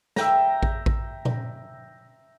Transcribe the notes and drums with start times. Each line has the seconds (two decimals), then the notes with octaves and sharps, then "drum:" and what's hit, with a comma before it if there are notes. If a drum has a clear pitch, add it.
0.16 E5 G5 A#5, drum: snare
0.63 drum: kick A1
0.86 drum: kick A1
1.25 drum: tom A#2